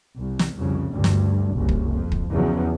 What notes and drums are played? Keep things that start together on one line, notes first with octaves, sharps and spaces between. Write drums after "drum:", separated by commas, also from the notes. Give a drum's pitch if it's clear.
C2
drum: snare
C2 F2 C#3
D2 G2
drum: snare
F#1 C2
drum: kick
F2
drum: kick
E2 C#3 F3 F#3